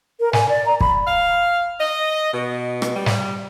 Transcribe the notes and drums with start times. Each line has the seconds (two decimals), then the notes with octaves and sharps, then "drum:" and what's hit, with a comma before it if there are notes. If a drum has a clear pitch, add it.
0.20 A#4
0.33 G#5, drum: snare
0.49 D5
0.66 A#5
0.81 B5, drum: kick
1.07 F5
1.80 D#5
2.33 B2
2.82 drum: rim click
2.96 G3
3.06 drum: snare